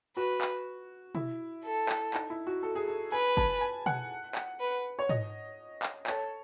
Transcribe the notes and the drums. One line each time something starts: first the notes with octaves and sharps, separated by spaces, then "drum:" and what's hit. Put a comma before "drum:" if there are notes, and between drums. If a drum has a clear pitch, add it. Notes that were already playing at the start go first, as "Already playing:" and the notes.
F#4 B4
drum: clap
E4, drum: tom B2
A4
drum: clap
D#4, drum: clap
E4
F#4
A4
G#4
A4
B4 G#5
A5, drum: kick G1
G#5
F#5, drum: tom B2
drum: clap
B4
C#5
D#5, drum: tom G#2
drum: clap
A4 C#5, drum: clap